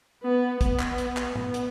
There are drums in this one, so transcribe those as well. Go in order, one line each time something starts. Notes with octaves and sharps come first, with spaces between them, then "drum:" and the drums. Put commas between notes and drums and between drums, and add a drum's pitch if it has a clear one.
B3
B3, drum: kick, hi-hat
drum: clap
drum: hi-hat
drum: clap
B3, drum: tom A2
drum: hi-hat